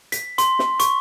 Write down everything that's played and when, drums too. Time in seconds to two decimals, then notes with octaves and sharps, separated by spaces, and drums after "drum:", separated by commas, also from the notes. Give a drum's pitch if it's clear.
0.12 B6, drum: hi-hat
0.38 C6, drum: hi-hat
0.59 drum: snare
0.80 C#6, drum: hi-hat